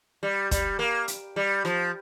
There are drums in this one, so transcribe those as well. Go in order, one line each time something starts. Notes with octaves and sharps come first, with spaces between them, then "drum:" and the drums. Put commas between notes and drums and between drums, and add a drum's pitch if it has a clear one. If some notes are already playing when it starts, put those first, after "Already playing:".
G3
G3, drum: kick, hi-hat
A#3
drum: hi-hat
G3
F3, drum: rim click